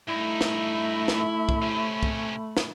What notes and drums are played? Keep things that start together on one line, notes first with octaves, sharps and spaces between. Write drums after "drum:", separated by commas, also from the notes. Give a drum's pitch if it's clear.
G2 A3 D#4 E4 B5
drum: snare
drum: snare
drum: kick
C3 C#4
drum: kick
drum: snare